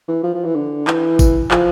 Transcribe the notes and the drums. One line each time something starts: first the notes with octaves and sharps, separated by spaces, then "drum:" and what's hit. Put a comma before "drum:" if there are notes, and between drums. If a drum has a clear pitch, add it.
E3
F3
F3
E3
D3
E3, drum: clap
drum: kick G#1, tambourine
F3, drum: clap